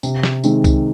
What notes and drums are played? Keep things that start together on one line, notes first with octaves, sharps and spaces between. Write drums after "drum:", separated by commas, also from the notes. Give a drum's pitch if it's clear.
C3, drum: tambourine
drum: snare
D#3 G#3 C4, drum: tambourine
drum: kick C2, tambourine